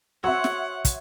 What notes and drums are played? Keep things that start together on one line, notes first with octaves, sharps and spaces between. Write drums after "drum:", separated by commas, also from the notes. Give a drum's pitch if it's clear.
F#4 C#5 E5 F#5 C6 E6
drum: snare
drum: kick, hi-hat